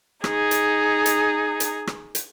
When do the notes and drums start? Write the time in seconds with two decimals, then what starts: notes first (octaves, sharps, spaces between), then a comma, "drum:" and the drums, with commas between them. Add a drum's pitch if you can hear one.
0.24 D#4 G#4, drum: rim click
0.51 drum: hi-hat
1.06 drum: hi-hat
1.60 drum: hi-hat
1.87 drum: rim click
2.15 drum: hi-hat